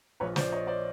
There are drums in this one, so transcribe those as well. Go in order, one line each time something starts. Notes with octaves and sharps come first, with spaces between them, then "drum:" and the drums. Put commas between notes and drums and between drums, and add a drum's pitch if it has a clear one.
A#1 A#2 F3 B4 C#5
C5 D5, drum: snare
C#5 D#5
C5 D5